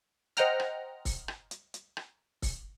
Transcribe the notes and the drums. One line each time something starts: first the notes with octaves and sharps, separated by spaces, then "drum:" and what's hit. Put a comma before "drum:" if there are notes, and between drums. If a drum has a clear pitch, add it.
C5 D#5 F#5 G5 A#5 F6, drum: hi-hat
drum: rim click
drum: kick C#1, open hi-hat
drum: rim click
drum: hi-hat
drum: hi-hat
drum: rim click
drum: kick C#1, open hi-hat